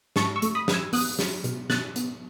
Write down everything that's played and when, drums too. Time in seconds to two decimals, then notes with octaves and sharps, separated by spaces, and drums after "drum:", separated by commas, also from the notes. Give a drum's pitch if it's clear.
0.16 G#2 A5 C#6, drum: snare
0.36 C#6 E6
0.42 A3, drum: hi-hat
0.55 B5 D#6
0.68 E3, drum: snare
0.74 E6 G#6
0.93 B3 D#6 F#6, drum: open hi-hat
1.19 F#3, drum: snare
1.44 B2, drum: hi-hat
1.70 B2 F#6 A6, drum: snare
1.96 B3, drum: hi-hat